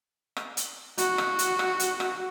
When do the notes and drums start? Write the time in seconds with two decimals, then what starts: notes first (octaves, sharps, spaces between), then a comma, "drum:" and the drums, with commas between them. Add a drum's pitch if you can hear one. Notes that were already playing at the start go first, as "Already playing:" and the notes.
0.37 drum: rim click
0.57 drum: hi-hat
0.98 F#4, drum: hi-hat
1.18 drum: rim click
1.39 drum: hi-hat
1.59 drum: rim click
1.80 drum: hi-hat
2.00 drum: rim click